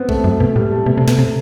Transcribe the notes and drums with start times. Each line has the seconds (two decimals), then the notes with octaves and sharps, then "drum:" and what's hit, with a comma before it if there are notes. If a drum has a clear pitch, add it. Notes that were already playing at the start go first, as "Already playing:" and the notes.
Already playing: B3 C4
0.09 A3, drum: kick
0.24 F#2 A3
0.40 B2
0.56 A2 G3
0.71 A3
0.86 B2 A3
0.98 C3
1.08 B2, drum: snare
1.19 C3